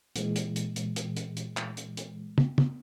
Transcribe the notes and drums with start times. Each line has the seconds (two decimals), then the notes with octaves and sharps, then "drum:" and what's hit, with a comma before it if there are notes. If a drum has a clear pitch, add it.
0.16 A#2 E3 G#3, drum: hi-hat
0.36 drum: hi-hat
0.56 drum: hi-hat
0.76 drum: hi-hat
0.96 drum: hi-hat
1.17 drum: hi-hat
1.37 drum: hi-hat
1.57 drum: clap
1.77 drum: hi-hat
1.97 drum: hi-hat
2.38 drum: tom
2.58 drum: tom